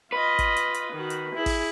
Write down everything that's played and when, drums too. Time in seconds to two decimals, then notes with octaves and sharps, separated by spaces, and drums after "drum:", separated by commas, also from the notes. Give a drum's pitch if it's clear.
0.12 F4 B4 D#5
0.39 drum: kick, hi-hat
0.57 drum: hi-hat
0.74 drum: hi-hat
0.92 D#3 F#4
1.10 drum: hi-hat
1.35 E4 G#4
1.46 drum: kick, open hi-hat